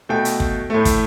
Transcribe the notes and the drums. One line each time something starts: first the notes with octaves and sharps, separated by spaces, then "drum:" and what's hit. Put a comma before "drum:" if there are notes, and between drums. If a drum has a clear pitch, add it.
B2 A3 G5
drum: hi-hat
drum: kick
A2 A3
drum: kick, hi-hat